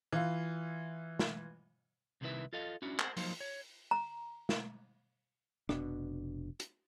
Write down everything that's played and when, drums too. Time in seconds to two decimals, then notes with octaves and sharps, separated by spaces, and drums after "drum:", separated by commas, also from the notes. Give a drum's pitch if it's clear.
0.13 E3 F4
1.19 drum: snare
2.21 C2 C3 D#3 E4 B4 E5
2.53 F4 A4 D#5 F5
2.82 C#4 D4 E4 F#4
2.99 C5 F#5, drum: clap
3.17 F3 F#3 A#3 D#4 C5 F5, drum: open hi-hat
3.41 C#5
3.91 A#5
4.49 drum: snare
5.69 F1 B2 D4, drum: rim click
6.60 drum: hi-hat